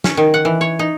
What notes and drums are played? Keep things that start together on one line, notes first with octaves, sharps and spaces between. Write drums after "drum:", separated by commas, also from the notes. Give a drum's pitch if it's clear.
C#4, drum: snare
D#3
F#5
E3
C#5
D#4